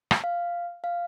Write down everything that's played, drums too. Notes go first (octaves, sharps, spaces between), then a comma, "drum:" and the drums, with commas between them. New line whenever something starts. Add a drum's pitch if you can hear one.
drum: rim click
F5
F5